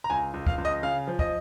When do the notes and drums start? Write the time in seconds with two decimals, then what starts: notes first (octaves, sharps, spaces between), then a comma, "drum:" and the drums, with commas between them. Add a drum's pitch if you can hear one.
0.04 A#5
0.10 C#2 G#5
0.34 C#2
0.47 F5, drum: kick
0.58 C#2
0.65 D#5
0.83 C#3 F5
1.07 F3
1.19 D#5, drum: kick